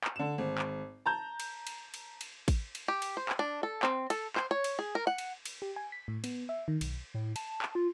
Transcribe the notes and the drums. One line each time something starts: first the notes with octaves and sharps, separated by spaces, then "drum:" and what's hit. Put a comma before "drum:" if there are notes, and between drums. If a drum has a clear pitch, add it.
drum: clap
D3 E7
G#1
drum: clap
A5 A#5 G6
drum: cymbal
drum: cymbal
drum: cymbal
drum: cymbal
drum: kick A1, cymbal
drum: cymbal
G4
drum: cymbal
C5
drum: clap
D4
A4
C4, drum: clap
A4, drum: cymbal
C5, drum: clap
C#5
drum: cymbal
G#4
A#4
F#5
drum: cymbal
drum: cymbal
G4
G#5
B6
A2
B3, drum: cymbal
E5
D#3
B1, drum: cymbal
A2
A5, drum: cymbal
drum: clap
F4